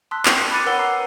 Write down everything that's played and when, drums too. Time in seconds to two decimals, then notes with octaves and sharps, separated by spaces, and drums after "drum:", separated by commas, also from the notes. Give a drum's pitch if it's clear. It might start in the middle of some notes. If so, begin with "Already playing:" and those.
0.11 A5 C6 D#6 E6 F#6 B6
0.26 G5, drum: clap
0.51 B5 D6 F#6 A6 C#7 D#7
0.66 A#4 B4 C#5 F#5 E6 G7
0.79 A#5 D6 C7